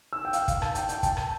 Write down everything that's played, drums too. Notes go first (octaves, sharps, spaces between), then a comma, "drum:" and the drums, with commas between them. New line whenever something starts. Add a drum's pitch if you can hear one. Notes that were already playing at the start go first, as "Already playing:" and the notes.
E6
G5
F5, drum: hi-hat
F5, drum: kick, hi-hat
A5, drum: rim click
G5, drum: hi-hat
G5, drum: hi-hat
A5, drum: kick, hi-hat
drum: rim click